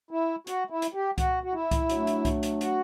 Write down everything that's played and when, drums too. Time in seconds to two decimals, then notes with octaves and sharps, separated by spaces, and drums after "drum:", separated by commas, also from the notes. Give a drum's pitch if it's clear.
0.11 E4
0.47 F#4, drum: hi-hat
0.70 E4
0.82 drum: hi-hat
0.94 G4
1.18 F#4, drum: kick C2, hi-hat
1.43 F#4
1.53 E4
1.71 drum: kick C2, hi-hat
1.89 F#3 A3 D4, drum: hi-hat
2.07 drum: hi-hat
2.25 drum: kick C2, hi-hat
2.43 drum: hi-hat
2.61 F#4, drum: hi-hat